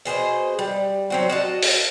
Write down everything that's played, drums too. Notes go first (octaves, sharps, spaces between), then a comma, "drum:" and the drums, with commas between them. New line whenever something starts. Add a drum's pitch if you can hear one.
B2 G#4 C5 D#5
G3
F#3 C4 F#4
F#4 D#5 A5
drum: open hi-hat